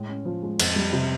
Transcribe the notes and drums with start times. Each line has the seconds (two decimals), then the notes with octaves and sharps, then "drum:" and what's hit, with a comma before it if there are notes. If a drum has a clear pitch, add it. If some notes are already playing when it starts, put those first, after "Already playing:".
Already playing: A2 G#3
0.09 C#4
0.26 F3
0.43 G#3
0.60 F2, drum: cymbal
0.76 G3
0.93 C3